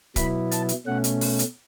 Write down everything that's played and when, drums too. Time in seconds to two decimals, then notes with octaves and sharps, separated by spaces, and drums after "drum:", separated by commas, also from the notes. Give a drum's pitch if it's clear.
0.16 B2 F#3 B3 E4 B5, drum: kick, hi-hat
0.51 A5, drum: hi-hat
0.69 drum: hi-hat
0.86 B2 A3 C#4 F#5
1.04 drum: hi-hat
1.21 drum: open hi-hat
1.39 drum: hi-hat